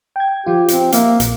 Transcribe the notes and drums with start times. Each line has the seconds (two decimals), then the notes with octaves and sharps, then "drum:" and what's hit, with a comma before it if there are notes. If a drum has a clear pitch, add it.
0.16 G5 G#6
0.46 F3 F4 G4
0.68 C4, drum: hi-hat
0.92 A#3 E5 F5, drum: hi-hat
1.20 A#1, drum: hi-hat